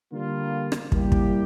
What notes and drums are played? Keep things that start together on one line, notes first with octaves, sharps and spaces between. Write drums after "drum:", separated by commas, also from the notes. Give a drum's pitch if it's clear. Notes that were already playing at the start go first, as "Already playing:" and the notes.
D3 G3 A#3 F4
drum: rim click
G3 A#3 E4 G4, drum: kick
drum: kick